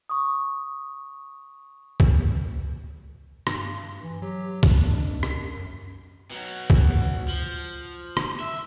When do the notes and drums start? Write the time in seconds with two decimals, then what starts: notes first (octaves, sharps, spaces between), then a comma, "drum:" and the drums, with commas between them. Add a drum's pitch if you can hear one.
0.09 C#6 D#6
2.00 drum: kick C2
3.47 G2, drum: rim click
4.02 E3
4.22 F#3 G4
4.63 F2 D4, drum: kick C2
5.08 F#2
5.23 drum: rim click
5.57 F#2
6.30 B2 F#3
6.70 drum: kick C2
7.28 F3
8.17 drum: rim click
8.40 E5